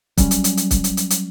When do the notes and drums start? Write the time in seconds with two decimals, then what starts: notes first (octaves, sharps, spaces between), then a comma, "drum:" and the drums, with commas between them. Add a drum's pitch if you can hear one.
0.17 F#3 G3 C#4, drum: kick, hi-hat
0.31 drum: hi-hat
0.44 drum: hi-hat
0.57 drum: hi-hat
0.71 drum: kick, hi-hat
0.84 drum: hi-hat
0.97 drum: hi-hat
1.10 drum: hi-hat